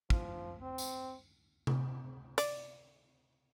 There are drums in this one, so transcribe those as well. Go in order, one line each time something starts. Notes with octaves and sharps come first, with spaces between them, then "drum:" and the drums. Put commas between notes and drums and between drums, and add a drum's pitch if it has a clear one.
F3, drum: kick
C4
drum: tambourine
drum: tom C3
D5, drum: hi-hat